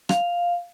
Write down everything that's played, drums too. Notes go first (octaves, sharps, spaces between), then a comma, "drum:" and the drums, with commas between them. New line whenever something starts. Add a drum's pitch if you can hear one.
F5, drum: rim click